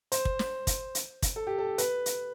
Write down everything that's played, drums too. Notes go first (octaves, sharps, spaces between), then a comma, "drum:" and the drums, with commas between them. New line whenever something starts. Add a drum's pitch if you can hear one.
C5, drum: hi-hat
drum: kick
drum: snare
drum: kick, hi-hat
drum: hi-hat
drum: kick, hi-hat
A4
G4
A4
B4, drum: hi-hat
drum: hi-hat